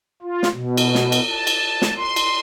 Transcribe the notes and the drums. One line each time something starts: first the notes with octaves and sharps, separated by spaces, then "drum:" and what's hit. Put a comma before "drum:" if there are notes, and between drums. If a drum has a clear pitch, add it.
F4
drum: snare
B2
drum: cymbal
drum: snare
drum: cymbal
A5
drum: cymbal
drum: snare
C6
drum: cymbal